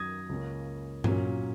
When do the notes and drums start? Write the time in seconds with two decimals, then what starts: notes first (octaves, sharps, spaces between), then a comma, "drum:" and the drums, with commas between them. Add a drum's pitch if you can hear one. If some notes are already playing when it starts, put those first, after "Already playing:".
Already playing: F#2 D#3 F#3 D#6 G#6 A#6
0.29 C#2 C#3 A#3 C#4
1.04 A#2 F#3 A#3 C#4, drum: tom G2